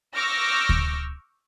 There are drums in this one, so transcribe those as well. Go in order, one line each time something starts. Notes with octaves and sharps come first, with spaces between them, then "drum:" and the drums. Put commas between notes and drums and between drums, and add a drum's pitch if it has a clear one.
C#6 D6 E6 F6 G6 A#6
drum: kick D2